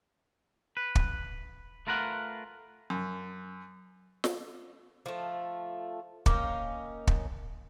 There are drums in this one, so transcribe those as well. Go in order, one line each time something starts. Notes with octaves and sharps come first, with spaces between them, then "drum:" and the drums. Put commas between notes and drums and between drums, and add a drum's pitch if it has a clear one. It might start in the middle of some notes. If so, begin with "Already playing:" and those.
B4
drum: kick
A3 F4 A#4 B4 F#5
F#2
drum: snare
F3 A3
A#3 C#4 D#4 G5, drum: kick
drum: kick